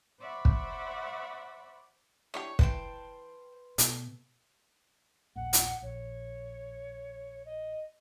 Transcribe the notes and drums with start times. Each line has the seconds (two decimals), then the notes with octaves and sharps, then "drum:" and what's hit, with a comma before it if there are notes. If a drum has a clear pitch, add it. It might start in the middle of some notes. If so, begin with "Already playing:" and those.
0.21 C5 D5 E5 F#5 B5 C#6
0.45 drum: kick
2.34 E3 D4 G4 C#5 C#7
2.59 E3 B4 C5 G5 A5 C6, drum: kick
3.78 B2 A3, drum: hi-hat
5.36 D#1 A#1 A#2 F#5
5.53 drum: hi-hat
5.82 A#1 C#5
7.46 D#5